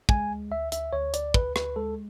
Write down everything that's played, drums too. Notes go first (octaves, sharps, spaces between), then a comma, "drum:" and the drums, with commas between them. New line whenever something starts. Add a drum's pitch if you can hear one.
G#3 G#5, drum: kick
D2
D2 E5
D2 E5, drum: hi-hat
D2 C#5
D2 D5, drum: hi-hat
D2 B4, drum: kick
D2 B4, drum: rim click
G#3 A4